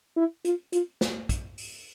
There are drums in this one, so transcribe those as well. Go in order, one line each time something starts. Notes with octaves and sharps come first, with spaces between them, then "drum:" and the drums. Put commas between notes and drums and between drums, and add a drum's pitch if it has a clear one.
E4
F4, drum: hi-hat
F4, drum: hi-hat
drum: snare
drum: kick, hi-hat
drum: open hi-hat